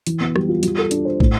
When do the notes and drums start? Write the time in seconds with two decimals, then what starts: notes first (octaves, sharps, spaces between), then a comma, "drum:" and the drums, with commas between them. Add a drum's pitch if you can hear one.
0.07 E3, drum: hi-hat
0.21 B3
0.36 G3, drum: rim click
0.49 F4
0.63 G3, drum: hi-hat
0.78 A4
0.91 D4, drum: hi-hat
1.05 C5
1.20 A2, drum: kick